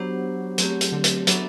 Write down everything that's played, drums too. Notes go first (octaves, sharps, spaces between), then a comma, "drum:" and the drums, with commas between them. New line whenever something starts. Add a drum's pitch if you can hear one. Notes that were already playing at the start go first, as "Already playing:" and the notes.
Already playing: F#3 B3 D4 G4 C5 F#5
F#3 A3 C4 G4, drum: hi-hat
drum: hi-hat
D3
drum: hi-hat
F#3 B3 D4 A4 E5, drum: hi-hat